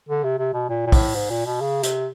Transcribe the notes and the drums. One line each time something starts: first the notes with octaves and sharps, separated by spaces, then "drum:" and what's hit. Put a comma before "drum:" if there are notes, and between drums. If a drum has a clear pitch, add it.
D3
C3
C3
B2
A#2
A#2
A2, drum: kick, open hi-hat
G#2
A#2
B2
C#3
C3, drum: hi-hat